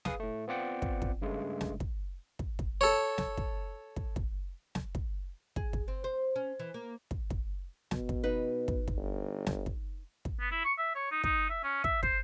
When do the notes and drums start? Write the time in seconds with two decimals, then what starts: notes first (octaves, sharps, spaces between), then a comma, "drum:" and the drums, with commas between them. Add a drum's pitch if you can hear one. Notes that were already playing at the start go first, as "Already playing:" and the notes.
0.05 G#4 B4 F5 D#6, drum: snare
0.20 A2 A3
0.48 B3 C4 F4 D5 F#5 G5
0.82 drum: kick
1.02 drum: kick
1.22 G2 C#3 G#3 A3
1.61 drum: snare
1.80 drum: kick
2.39 drum: kick
2.59 drum: kick
2.81 A4 C#5
3.18 drum: snare
3.37 drum: kick
3.96 drum: kick
4.16 drum: kick
4.75 drum: snare
4.95 drum: kick
5.56 G#4, drum: kick
5.73 drum: kick
5.88 C4
6.04 C5
6.36 C#4
6.60 E3
6.74 A#3
7.11 drum: kick
7.30 drum: kick
7.91 B2, drum: snare
8.09 drum: kick
8.24 D#4 B4
8.68 drum: kick
8.88 drum: kick
8.97 G1
9.47 drum: snare
9.66 drum: kick
10.25 drum: kick
10.40 B3
10.51 E4
10.64 C#6
10.78 E5
10.95 C#5
11.12 D#4
11.24 D#4, drum: kick
11.50 E5
11.64 C#4
11.84 E5, drum: kick
12.03 C5, drum: kick